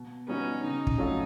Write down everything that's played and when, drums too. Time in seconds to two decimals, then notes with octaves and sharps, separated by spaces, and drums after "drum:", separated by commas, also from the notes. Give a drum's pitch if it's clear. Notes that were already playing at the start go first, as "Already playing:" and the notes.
Already playing: B2
0.28 G3 B3 C#4 D#4 F#4
0.63 C#3 D#4
0.87 drum: kick
0.98 F#3 A3 C#4 F4